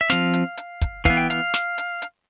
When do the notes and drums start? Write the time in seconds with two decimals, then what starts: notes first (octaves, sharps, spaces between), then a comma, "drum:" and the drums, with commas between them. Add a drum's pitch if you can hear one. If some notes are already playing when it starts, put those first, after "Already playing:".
0.01 E5
0.10 F3 C4 F5, drum: snare
0.33 drum: hi-hat
0.57 drum: hi-hat
0.81 drum: kick, hi-hat
1.05 E3 B3 F5, drum: kick, hi-hat
1.17 G5
1.30 F5, drum: hi-hat
1.54 drum: snare
1.78 drum: hi-hat
2.02 drum: hi-hat